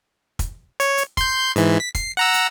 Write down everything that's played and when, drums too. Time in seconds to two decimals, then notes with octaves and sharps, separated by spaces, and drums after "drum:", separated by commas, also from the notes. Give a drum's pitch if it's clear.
0.39 drum: kick, hi-hat
0.80 C#5, drum: hi-hat
0.97 drum: hi-hat
1.17 C6 G6, drum: kick, hi-hat
1.56 G#2 E3, drum: hi-hat
1.80 B6
1.95 C7, drum: kick, hi-hat
2.17 F#5 A#5 E6
2.34 drum: hi-hat